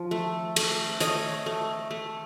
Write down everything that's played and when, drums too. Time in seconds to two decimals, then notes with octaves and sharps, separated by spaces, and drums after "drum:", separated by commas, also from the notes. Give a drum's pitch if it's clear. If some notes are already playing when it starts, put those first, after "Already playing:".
Already playing: F3
0.11 A3
0.56 A3, drum: cymbal
1.00 A3 C#5 D#5, drum: hi-hat
1.46 A3
1.91 A3